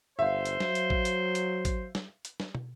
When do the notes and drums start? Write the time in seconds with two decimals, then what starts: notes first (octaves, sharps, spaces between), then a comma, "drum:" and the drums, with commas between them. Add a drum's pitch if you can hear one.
0.19 G1 C5 E5 F5
0.45 drum: hi-hat
0.60 F#3, drum: snare
0.75 drum: hi-hat
0.90 drum: kick
1.05 drum: hi-hat
1.35 drum: hi-hat
1.65 drum: kick, hi-hat
1.95 drum: snare
2.25 drum: hi-hat
2.40 drum: snare
2.55 drum: tom